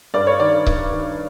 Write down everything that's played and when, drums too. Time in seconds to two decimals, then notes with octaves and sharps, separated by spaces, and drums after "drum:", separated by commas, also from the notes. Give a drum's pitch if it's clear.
0.14 G2 D5
0.27 C#5
0.40 D#3 D5
0.67 G2, drum: kick C#1
0.93 D#3